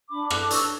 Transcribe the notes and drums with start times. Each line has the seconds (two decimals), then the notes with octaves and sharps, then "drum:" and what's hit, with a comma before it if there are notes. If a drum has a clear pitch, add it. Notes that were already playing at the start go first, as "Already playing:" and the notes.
0.10 D4 B5 D6
0.30 A4 D6 F#6, drum: rim click
0.50 C#5 C#6 E6, drum: hi-hat